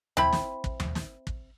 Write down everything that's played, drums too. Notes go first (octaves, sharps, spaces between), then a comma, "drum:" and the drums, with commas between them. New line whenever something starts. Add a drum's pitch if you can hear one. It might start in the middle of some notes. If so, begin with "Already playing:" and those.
C4 E4 B5, drum: tom D#2
drum: snare
drum: kick
drum: tom D#2
drum: snare
drum: kick